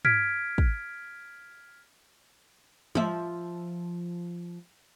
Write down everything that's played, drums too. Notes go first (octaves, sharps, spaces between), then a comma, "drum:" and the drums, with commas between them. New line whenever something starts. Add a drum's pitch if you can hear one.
F6 G#6 B6 D7, drum: tom
drum: kick
F3 E5, drum: tom